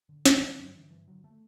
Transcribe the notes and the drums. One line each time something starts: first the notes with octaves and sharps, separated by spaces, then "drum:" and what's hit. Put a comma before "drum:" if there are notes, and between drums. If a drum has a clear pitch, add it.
D3
E2 B3, drum: snare
D3 G3
G2 F#3
D3 E3
G2 E3
D3 F#3
A3